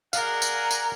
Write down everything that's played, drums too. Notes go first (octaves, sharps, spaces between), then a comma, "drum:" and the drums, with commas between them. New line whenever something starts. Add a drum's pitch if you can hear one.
G#4 A#4 D5 F5 F#5, drum: tambourine
drum: tambourine
A#5
drum: tambourine